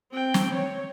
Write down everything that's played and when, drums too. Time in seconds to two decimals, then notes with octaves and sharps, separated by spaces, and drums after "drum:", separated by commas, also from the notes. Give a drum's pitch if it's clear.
0.12 C4 G5
0.34 drum: snare
0.55 C#5